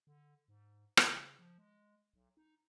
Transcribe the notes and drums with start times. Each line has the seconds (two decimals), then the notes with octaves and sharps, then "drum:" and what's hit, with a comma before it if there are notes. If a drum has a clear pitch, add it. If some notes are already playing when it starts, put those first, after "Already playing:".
0.07 D3
0.48 G#2
0.97 C#3, drum: rim click
1.39 F3
1.58 G#3
2.13 B1
2.37 D#4